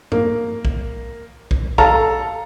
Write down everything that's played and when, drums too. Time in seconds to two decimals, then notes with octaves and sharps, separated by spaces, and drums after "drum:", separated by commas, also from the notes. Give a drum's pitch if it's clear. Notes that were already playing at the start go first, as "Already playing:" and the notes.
0.12 A#3, drum: tom
0.65 drum: kick
1.51 drum: kick
1.78 A4 F5 A#5, drum: kick